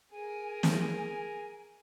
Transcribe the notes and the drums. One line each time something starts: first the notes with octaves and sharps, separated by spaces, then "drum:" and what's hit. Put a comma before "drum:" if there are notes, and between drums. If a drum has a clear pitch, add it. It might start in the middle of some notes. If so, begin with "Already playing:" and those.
G#4 A#4 G#5
drum: snare